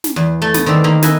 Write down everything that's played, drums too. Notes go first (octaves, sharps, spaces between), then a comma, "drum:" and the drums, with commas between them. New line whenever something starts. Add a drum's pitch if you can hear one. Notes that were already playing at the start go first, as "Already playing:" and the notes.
drum: snare
E2
A3
B3, drum: snare
D#3 C4 D5 E5
D#3 A#3
B4 D#5 E5 G#5, drum: snare